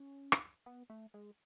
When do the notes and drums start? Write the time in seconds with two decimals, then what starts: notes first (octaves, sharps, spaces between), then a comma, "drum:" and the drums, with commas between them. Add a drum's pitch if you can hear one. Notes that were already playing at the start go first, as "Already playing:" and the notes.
Already playing: C#4
0.32 drum: rim click
0.66 B3
0.90 A3
1.14 G#3